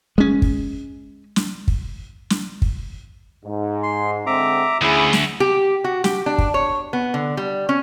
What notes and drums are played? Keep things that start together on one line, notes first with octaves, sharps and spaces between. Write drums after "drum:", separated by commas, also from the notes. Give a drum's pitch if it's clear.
G#3 C#4
drum: kick
drum: snare
drum: kick
drum: snare
drum: kick
G#2
C6
D3 G#3 C4 E5 A#5 D6
D2 C#4 E4 G#4 B5 D#6
drum: snare
G4
F#4
G4, drum: snare
D4
drum: kick
C#5
B3
D3
G3
C#4